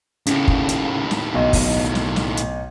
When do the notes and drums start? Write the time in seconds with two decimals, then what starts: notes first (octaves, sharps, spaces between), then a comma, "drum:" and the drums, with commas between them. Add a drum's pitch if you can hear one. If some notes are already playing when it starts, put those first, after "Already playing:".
0.26 D#2 A2 C#3, drum: hi-hat
0.48 drum: kick
0.69 drum: hi-hat
1.11 drum: snare
1.35 B1 D#5
1.53 drum: kick, open hi-hat
1.95 drum: snare
2.16 drum: snare
2.37 drum: hi-hat